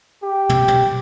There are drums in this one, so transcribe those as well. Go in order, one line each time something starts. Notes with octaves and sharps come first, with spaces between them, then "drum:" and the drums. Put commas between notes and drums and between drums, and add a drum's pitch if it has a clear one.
G4
drum: tom
drum: tom